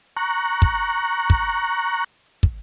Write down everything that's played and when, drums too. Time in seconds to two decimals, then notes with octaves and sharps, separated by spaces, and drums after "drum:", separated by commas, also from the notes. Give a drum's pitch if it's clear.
0.17 A#5 C#6 F#6
0.62 drum: kick
1.30 drum: kick
2.43 drum: kick